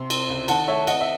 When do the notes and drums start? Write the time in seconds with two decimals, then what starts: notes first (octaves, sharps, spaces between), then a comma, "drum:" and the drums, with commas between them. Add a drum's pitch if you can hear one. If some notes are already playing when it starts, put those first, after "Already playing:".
Already playing: C3 C6
0.10 C4, drum: cymbal
0.29 C#2
0.48 D#3 F#5 A5, drum: cymbal
0.67 A3 C#5 E5
0.87 C4 D#5 F#5, drum: cymbal
1.01 E5